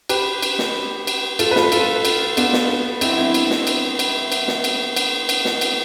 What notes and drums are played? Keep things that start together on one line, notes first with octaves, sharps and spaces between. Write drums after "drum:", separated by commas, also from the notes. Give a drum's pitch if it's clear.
G4 B4, drum: cymbal
drum: cymbal
drum: snare
drum: cymbal
F4 A4, drum: cymbal
B4
F4 A4, drum: snare
F4 A4, drum: cymbal
drum: cymbal
B3 D4, drum: cymbal
drum: snare
C4 E4, drum: cymbal
C4 E4
drum: cymbal
drum: snare
drum: cymbal
drum: cymbal
drum: cymbal
drum: snare
drum: cymbal
drum: cymbal
drum: cymbal
drum: snare
drum: cymbal